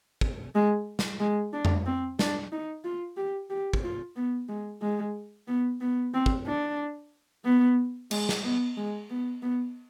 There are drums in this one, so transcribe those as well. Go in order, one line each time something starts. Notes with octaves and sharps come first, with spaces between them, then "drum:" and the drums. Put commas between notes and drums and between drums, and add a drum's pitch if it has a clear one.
drum: kick
G#3
drum: snare
G#3
D4
drum: tom F2
C4
D4, drum: snare
D#4
F4
G4
G4
drum: kick
F4
B3
G#3
G#3
B3
B3
C4
drum: kick
D4
B3
G#3, drum: cymbal
drum: snare
B3
G#3
B3
B3